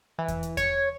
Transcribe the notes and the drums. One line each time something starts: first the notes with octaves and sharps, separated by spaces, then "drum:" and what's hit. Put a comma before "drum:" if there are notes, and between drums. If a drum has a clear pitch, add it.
E3
drum: kick E2, hi-hat
drum: hi-hat
C#5, drum: kick E2, hi-hat